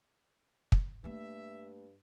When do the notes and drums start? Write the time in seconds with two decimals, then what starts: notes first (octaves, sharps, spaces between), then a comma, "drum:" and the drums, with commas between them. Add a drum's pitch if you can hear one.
0.72 drum: kick
1.04 G2 A3 A#3 E5